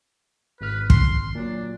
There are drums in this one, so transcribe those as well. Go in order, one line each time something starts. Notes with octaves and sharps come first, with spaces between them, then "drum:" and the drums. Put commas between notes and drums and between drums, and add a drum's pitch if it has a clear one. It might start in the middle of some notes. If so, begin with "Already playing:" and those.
G#1 B4 F6
C6, drum: kick
A#2 F#3 D4